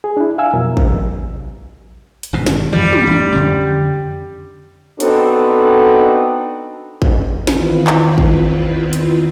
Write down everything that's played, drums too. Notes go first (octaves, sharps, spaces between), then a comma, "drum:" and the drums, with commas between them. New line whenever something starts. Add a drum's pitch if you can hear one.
G#4
D4 E4
E5 F5 G#5 E6
F2 B2 F#3 A#4
C3, drum: kick A1
drum: hi-hat
G#1 G2 B2
drum: snare
F2 E3 F3 G3
drum: tom
A1 D4
F2 D3 C#4
B3 C4 D4 D#4 F#4 A4, drum: hi-hat
drum: kick A1
E2 D#3 C4 E4 F4 B4, drum: snare
drum: clap
drum: kick A1
drum: hi-hat